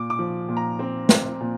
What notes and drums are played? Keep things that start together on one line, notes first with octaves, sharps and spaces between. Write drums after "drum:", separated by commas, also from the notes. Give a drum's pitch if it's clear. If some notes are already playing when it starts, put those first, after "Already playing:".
Already playing: A#2 D6
D6
F3
A#2
A#5
C4
C4, drum: snare
A#2